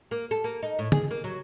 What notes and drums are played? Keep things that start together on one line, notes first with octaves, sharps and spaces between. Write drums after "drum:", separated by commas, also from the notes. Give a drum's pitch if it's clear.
A#3
A4
A#3
D#4
A2
G#4, drum: tom
A#3
F#3